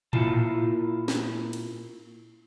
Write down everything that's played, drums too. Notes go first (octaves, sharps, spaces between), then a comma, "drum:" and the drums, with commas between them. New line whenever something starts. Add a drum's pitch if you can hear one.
A#2 E4 F4 A5, drum: tom A2
drum: snare
drum: cymbal